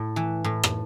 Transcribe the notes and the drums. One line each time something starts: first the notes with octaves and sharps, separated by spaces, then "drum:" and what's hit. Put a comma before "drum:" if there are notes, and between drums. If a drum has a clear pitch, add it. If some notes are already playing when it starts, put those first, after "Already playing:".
Already playing: A2
E3
A2
drum: rim click